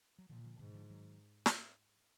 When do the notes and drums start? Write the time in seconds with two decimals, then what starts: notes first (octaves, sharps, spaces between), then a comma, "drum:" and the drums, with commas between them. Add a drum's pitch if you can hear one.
0.19 F#3
0.29 A#2 D3 F3
0.38 D#3
0.44 D3 F3
0.59 G#2 B2 D#3
0.74 D3 F3
0.90 D#3 F#3
1.46 drum: snare